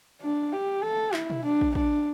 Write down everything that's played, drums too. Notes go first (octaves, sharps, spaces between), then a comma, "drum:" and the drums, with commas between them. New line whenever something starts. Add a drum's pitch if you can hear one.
D4
G4
A4
E4, drum: clap
drum: tom B2
D4
drum: kick
D4, drum: kick